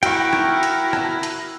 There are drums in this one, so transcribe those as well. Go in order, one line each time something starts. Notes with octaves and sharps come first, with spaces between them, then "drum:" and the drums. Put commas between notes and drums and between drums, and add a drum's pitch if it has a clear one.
E4 F#4 A#4 G5 C#6, drum: hi-hat
drum: rim click
drum: hi-hat
drum: rim click
drum: hi-hat